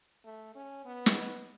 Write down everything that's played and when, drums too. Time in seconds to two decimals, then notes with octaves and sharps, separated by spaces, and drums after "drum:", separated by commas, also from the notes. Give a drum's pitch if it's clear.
0.25 A3
0.55 C#4
0.85 B3
1.06 drum: snare